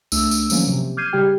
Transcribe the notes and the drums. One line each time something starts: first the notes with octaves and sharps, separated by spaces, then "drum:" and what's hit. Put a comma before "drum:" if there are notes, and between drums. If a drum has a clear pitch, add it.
C#2 A3 D4 E6, drum: tambourine
drum: tambourine
D#3 F3 F#3 A#3 C#4, drum: tambourine
C3
D6 F6 G6 G#6 C7 D#7
C#3 G3 G4 G5 F6